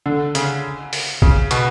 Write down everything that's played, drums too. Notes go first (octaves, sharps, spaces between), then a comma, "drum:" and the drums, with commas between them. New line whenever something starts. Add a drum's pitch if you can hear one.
D3
C#3, drum: hi-hat
drum: open hi-hat
C#3, drum: kick A#1
B2, drum: hi-hat